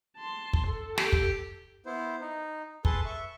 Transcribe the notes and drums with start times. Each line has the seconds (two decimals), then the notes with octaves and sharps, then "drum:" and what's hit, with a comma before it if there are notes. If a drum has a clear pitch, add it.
0.17 A5 C6
0.54 drum: kick
0.67 A4
0.98 G4, drum: snare
1.13 drum: kick
1.86 B3 E4 C5
2.21 D#4
2.85 G#4 A4 B4 A5 C6, drum: kick
3.05 E5 C#6